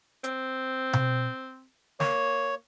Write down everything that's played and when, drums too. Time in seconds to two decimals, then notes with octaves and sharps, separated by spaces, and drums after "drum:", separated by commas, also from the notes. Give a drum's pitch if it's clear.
0.24 C4, drum: hi-hat
0.93 drum: tom B2
2.00 A#3 C#5, drum: snare